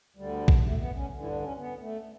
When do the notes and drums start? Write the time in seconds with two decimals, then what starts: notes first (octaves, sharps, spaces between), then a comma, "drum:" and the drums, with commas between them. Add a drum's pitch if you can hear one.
0.16 D2 D3 G3
0.48 drum: kick A#1
0.64 A3
0.80 B3
0.95 C#4
1.11 G2 D3
1.22 E4
1.26 D4
1.42 C#4
1.58 B3
1.81 A3